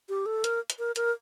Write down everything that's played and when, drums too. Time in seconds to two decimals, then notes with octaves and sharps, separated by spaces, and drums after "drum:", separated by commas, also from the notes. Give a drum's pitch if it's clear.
0.09 G4
0.26 A4
0.44 A#4, drum: hi-hat
0.70 drum: hi-hat
0.79 A#4
0.96 A#4, drum: hi-hat